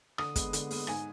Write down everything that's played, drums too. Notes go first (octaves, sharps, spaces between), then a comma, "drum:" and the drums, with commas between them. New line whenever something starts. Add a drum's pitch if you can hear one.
D3 D#6, drum: rim click
G#3 B3, drum: kick, hi-hat
D3, drum: hi-hat
G#3 B3, drum: open hi-hat
G#2 G#5, drum: rim click